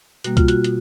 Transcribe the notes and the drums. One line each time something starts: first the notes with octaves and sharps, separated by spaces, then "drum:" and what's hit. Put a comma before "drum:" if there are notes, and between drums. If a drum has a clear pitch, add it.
B2 G3 A#3 F#4, drum: hi-hat
F4, drum: kick C2, hi-hat
F#4, drum: hi-hat
B2, drum: hi-hat